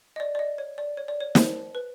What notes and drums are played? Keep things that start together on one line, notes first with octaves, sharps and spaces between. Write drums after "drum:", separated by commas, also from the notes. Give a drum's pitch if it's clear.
D#5
D5
D5
D#5
C#5
D5
C#5
D5
C#5
C5, drum: snare
B4